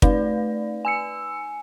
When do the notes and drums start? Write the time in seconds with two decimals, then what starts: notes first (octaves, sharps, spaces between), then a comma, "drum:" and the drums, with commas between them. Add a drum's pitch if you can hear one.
0.02 A3 D#4 B4 D5, drum: kick
0.85 G#5 E6 C#7